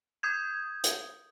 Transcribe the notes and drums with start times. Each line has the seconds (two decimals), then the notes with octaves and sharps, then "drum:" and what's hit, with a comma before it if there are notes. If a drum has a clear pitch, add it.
0.23 D#6 G6 G#6
0.84 drum: hi-hat